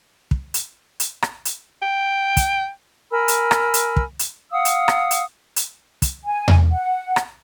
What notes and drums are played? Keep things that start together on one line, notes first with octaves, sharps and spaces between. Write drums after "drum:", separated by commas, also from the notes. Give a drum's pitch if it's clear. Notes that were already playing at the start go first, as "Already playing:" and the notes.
drum: kick
drum: hi-hat
drum: hi-hat
drum: rim click
drum: hi-hat
G5
drum: kick, hi-hat
A#4 G#5 B5 E6
drum: hi-hat
drum: rim click
drum: hi-hat
drum: kick
drum: hi-hat
F5 F#5 D#6 E6
drum: hi-hat
drum: rim click
drum: hi-hat
drum: hi-hat
drum: kick, hi-hat
G#5
drum: tom E2
F#5
drum: rim click